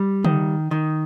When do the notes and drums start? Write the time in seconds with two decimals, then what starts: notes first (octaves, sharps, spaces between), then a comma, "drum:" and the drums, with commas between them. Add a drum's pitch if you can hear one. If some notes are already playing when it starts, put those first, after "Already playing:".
Already playing: G3
0.25 D#3, drum: tom C#3
0.71 D#3